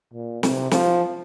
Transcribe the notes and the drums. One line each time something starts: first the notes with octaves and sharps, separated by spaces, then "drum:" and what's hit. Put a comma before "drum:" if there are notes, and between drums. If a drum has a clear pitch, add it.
A#2
C3, drum: snare
F3, drum: snare